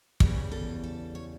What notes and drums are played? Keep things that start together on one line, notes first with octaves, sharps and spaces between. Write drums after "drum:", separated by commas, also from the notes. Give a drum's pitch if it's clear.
E2 C#3 E3 G3 C#5, drum: kick
A4
A4
C#5